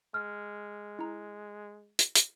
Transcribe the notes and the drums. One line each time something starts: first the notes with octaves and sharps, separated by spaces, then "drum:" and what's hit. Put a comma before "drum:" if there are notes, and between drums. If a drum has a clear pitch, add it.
G#3 F6
E4 A#5
drum: hi-hat
drum: hi-hat